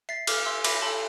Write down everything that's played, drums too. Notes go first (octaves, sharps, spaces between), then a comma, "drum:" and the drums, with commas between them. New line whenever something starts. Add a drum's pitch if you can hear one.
E5 A6 C7
A4 D6 F6, drum: cymbal
E5 C6 E6
E5 B5 D6, drum: cymbal
A4 A5 C6